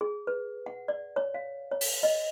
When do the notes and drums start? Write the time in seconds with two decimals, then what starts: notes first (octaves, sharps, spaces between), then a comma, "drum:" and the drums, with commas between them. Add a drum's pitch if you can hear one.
0.01 G#4
0.27 B4
0.66 F#5
0.88 D5
1.16 C#5
1.34 F5
1.71 C#5
1.81 drum: open hi-hat
2.03 D#5